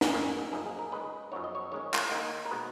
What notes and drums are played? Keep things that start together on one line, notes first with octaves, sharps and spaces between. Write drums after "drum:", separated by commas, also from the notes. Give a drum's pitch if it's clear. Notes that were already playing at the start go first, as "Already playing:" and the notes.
G#4, drum: snare
F#2 D#3 F#3 A#3 A#4
F#2 F3 A#3 D#4 G#4
G#4
A#4
C#3 G#3 D#4 B4
F#2 F3 B3 D#4 C#5
D#5
C#5
D#3 G#3 C#4 C#5
drum: clap
D#3 A#3 D#4
A#4
B2 G#3 B3 B4